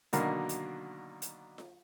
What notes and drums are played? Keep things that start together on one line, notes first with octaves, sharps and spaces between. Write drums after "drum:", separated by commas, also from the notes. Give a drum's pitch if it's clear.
B2 D3 D#3 F#3 A#3, drum: hi-hat
drum: hi-hat
drum: hi-hat
drum: snare F4